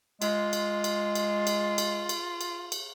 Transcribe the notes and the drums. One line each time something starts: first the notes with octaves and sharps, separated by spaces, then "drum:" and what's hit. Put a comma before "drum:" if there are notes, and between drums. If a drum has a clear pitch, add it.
G#3 F4, drum: cymbal
drum: cymbal
drum: cymbal
drum: cymbal
drum: cymbal
drum: cymbal
drum: cymbal
drum: cymbal
drum: cymbal